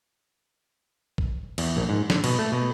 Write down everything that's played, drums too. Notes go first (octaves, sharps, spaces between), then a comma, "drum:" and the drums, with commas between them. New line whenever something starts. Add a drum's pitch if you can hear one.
drum: kick B1
E2, drum: cymbal
A#1
G#2
D3, drum: snare
B2, drum: cymbal
A3
B2